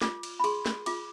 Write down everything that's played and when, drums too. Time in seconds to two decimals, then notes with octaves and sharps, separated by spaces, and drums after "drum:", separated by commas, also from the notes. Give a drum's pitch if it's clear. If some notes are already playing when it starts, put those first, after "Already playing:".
0.02 F4 D6, drum: snare
0.23 drum: cymbal
0.40 B5
0.44 G#4 C6, drum: cymbal
0.66 drum: snare
0.86 F4 D6, drum: cymbal